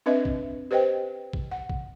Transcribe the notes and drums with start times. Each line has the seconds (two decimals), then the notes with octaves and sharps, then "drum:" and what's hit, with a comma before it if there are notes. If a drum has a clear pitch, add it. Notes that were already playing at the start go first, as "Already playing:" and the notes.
0.06 C4 D4 B4 D#5 E5
0.25 drum: kick A#1
0.71 G4 B4 C5 D#5 G5
1.33 drum: kick A#1
1.51 F#5
1.70 drum: kick A#1